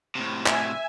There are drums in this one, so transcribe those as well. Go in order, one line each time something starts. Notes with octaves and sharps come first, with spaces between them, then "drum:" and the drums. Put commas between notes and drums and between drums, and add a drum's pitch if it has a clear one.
A2 C3
E5 G#5, drum: clap